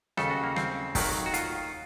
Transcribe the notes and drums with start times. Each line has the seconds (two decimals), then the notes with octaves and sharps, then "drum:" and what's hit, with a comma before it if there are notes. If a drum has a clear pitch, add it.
0.17 D#2 C#3 A3 A4, drum: rim click
0.30 F#4
0.44 A#3
0.56 C4, drum: rim click
0.95 D#2 D#3 F#3 A3, drum: kick, open hi-hat
1.26 F#4
1.34 F4, drum: hi-hat